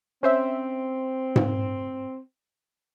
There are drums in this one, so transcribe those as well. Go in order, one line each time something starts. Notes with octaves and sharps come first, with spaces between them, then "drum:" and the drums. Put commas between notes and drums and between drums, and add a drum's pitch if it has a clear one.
C4 C#4 C5 E5
drum: tom G#2